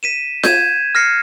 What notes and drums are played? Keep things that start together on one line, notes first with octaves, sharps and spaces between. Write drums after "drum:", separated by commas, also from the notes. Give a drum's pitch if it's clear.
B6 D#7 E7
G6 G#6 D#7 E7, drum: snare F4
F6 A#6 C7 C#7